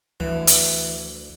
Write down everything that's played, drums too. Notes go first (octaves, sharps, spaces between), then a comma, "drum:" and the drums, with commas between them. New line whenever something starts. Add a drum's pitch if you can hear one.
D2 E3
drum: hi-hat